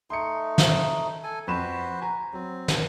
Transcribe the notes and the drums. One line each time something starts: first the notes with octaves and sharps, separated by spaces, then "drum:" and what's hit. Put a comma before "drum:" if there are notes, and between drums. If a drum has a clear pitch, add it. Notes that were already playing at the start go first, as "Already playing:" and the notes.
A3 D#4 C6 C#7
drum: snare
A4 G#5
F2 F#4 B4 C5 B5 E7
G#5 A#5
F#3 C4
drum: snare